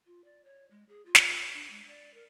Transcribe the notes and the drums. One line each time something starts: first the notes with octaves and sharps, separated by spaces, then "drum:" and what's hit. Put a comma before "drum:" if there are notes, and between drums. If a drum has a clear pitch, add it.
F4
D5
C#5
G#3
G#4
F4
drum: snare
D4
G#3
D5
A#4